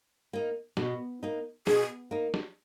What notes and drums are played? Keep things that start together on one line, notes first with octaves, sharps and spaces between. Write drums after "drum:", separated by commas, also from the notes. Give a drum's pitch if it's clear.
A#3 D#4
B2, drum: snare
A#3 D#4
B2 G#4, drum: snare
A#3 D#4
drum: snare